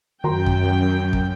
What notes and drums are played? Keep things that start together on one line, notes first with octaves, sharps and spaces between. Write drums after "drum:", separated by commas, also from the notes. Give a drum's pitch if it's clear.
F#2 D#3 F#4 G5 A#5 C6
drum: kick
drum: kick